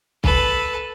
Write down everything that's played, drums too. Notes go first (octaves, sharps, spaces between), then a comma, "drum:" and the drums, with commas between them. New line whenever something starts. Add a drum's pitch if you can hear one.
A4 B4, drum: kick B1